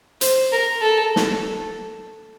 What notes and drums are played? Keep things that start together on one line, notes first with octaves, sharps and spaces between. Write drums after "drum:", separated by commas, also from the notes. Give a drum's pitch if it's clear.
C5, drum: hi-hat
A#4
A4
drum: snare